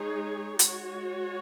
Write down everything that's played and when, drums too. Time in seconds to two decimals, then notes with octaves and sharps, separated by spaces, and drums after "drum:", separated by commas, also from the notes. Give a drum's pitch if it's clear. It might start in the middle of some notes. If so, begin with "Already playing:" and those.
Already playing: G#3 D#4 G#4 C#5
0.59 G#3 F#4 C#5, drum: hi-hat